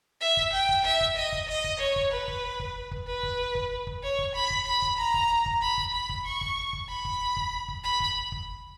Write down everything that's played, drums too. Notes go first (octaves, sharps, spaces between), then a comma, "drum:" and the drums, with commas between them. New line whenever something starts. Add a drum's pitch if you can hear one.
E5
drum: kick
G5
drum: kick
E5
drum: kick
D#5
drum: kick
D#5
drum: kick
C#5
drum: kick
B4
drum: kick
drum: kick
drum: kick
B4
drum: kick
drum: kick
drum: kick
C#5
drum: kick
B5
drum: kick
B5
drum: kick
A#5
drum: kick
drum: kick
B5
drum: kick
B5
drum: kick
C#6
drum: kick
drum: kick
B5
drum: kick
drum: kick
drum: kick
B5
drum: kick
drum: kick